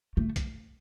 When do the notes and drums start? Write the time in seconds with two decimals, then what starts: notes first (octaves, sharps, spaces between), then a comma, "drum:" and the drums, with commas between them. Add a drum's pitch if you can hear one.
0.17 A3
0.36 drum: kick B1, hi-hat